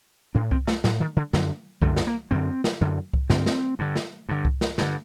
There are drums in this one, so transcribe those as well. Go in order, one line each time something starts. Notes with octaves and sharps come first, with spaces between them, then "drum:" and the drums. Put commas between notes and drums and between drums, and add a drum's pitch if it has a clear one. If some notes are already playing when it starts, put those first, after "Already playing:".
A2 D4
C4, drum: kick C2
A3, drum: snare
A2 F#3, drum: snare
D#3
D3
F#2 D3 F#3, drum: snare
F#2 D3 A3, drum: kick C2
A3, drum: snare
A#3
F#2 D3 C4
drum: snare
F#2 D3
drum: kick C2
G2 D3 C4, drum: snare
drum: snare
G2 D3
drum: snare
G2 D3
drum: kick C2
drum: snare
G2 D3, drum: snare